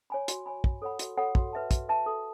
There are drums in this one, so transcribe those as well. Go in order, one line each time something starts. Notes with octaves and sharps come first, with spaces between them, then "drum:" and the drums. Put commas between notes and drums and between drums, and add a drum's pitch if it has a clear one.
C#5 G#5 B5
F#4, drum: hi-hat
C#5 G#5 B5
F#4, drum: kick
A4 C#5 F#5 B5
F#4, drum: hi-hat
A4 C#5 F#5 B5
F#4, drum: kick
B4 E5 A5
F#4, drum: kick, hi-hat
B4 E5 A5
A4